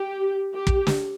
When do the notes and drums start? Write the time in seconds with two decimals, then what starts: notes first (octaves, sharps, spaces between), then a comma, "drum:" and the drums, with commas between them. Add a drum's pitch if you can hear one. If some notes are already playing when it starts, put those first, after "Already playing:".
Already playing: G4
0.54 G4
0.67 drum: kick
0.87 drum: snare